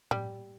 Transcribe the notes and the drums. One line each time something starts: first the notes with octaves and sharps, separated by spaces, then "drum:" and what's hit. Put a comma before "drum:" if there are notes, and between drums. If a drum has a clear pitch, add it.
G3, drum: tom A2